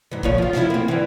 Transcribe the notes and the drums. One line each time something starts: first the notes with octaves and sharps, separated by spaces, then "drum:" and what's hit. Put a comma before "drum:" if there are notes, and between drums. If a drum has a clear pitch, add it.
G#2 E3
A#2 F3 C#5, drum: kick
F3 F4
F3 E4, drum: snare
A#3 C4
G2 E3